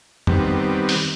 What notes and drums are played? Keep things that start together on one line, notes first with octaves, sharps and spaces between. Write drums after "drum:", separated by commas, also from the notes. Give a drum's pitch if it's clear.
D#3 G3 B3 C4, drum: tom F2
drum: open hi-hat